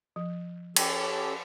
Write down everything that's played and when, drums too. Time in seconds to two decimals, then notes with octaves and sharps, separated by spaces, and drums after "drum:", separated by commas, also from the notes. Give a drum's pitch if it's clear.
0.16 F3
0.76 C#4 G4 A4 G5, drum: cymbal